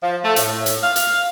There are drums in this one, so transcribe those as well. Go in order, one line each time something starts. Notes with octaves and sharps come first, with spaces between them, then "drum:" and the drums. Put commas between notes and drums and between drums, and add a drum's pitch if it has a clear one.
F3
A3
A2, drum: hi-hat
drum: hi-hat
F5
drum: hi-hat